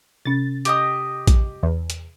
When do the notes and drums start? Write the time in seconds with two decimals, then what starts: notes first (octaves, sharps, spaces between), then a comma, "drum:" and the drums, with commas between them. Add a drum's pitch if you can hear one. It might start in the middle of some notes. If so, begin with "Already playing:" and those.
0.25 C3 C#4 A6
0.65 G4 D#5 D#6, drum: hi-hat
1.27 drum: kick A#1, hi-hat
1.63 E2
1.90 drum: hi-hat